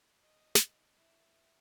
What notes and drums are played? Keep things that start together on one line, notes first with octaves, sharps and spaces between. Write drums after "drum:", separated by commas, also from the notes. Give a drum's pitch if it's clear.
D#5
drum: snare
E4